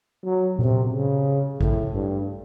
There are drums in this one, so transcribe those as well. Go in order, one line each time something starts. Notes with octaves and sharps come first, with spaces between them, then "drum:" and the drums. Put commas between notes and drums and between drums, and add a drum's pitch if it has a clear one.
F#3
C3, drum: tom A#2
C#3
A2, drum: kick A1
G2